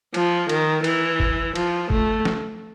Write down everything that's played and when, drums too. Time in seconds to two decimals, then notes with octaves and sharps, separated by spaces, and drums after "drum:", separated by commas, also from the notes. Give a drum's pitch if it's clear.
0.14 F3, drum: cymbal
0.49 D#3, drum: cymbal
0.84 E3, drum: cymbal
1.20 drum: kick
1.56 F3, drum: cymbal
1.90 A3, drum: kick
2.25 drum: snare